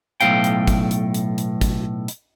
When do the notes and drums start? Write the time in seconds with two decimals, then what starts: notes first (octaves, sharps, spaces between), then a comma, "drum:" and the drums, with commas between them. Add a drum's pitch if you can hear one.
0.21 B1 E2 A2 F5 G5, drum: hi-hat
0.44 drum: hi-hat
0.67 drum: kick, hi-hat
0.91 drum: hi-hat
1.14 drum: hi-hat
1.38 drum: hi-hat
1.61 drum: kick, hi-hat
2.08 drum: hi-hat